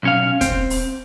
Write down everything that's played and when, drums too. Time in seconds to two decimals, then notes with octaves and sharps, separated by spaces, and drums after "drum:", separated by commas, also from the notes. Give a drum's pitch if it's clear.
0.03 B1 C#4 F5
0.41 C4, drum: kick, hi-hat
0.70 drum: open hi-hat